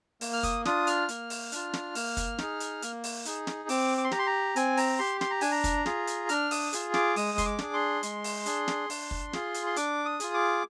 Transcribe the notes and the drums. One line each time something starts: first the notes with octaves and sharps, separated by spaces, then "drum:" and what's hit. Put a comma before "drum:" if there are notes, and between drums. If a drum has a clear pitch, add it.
A#3, drum: open hi-hat
F6
D#6, drum: kick, hi-hat
D4 F4 D#6, drum: snare
F6, drum: hi-hat
A#3, drum: hi-hat
drum: open hi-hat
D4 F4, drum: hi-hat
drum: snare
A#3, drum: open hi-hat
drum: kick, hi-hat
D#4 G#4, drum: snare
drum: hi-hat
A#3, drum: hi-hat
drum: open hi-hat
D#4 G#4, drum: hi-hat
drum: snare
C4 D6, drum: open hi-hat
D6
C6
G4 A#5, drum: snare
C6
A#5
C4 G#5, drum: hi-hat
A#5, drum: open hi-hat
G4 C6
C6, drum: snare
A#5
D4 G#5, drum: open hi-hat
A#5
drum: kick, hi-hat
F4 G#4, drum: snare
drum: hi-hat
D4 F6, drum: hi-hat
D#6, drum: open hi-hat
F4 G#4, drum: hi-hat
D6, drum: snare
G#3 D#6, drum: open hi-hat
C6, drum: kick, hi-hat
D6
D4 G#4, drum: snare
C6
G#3, drum: hi-hat
drum: open hi-hat
D4 G#4, drum: hi-hat
drum: snare
D4, drum: open hi-hat
drum: kick
F4 G#4, drum: snare
drum: hi-hat
C6
D4 D6, drum: hi-hat
D#6
F4 G#4, drum: hi-hat
D6